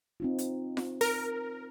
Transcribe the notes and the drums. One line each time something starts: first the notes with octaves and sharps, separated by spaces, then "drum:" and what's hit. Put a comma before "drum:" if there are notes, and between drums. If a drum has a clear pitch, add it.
C4 D#4 F4
drum: hi-hat
drum: snare F4
A#4, drum: open hi-hat